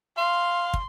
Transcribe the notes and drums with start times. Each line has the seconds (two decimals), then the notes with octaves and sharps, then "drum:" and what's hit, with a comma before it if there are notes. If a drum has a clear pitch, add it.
0.17 F5 C6
0.74 drum: kick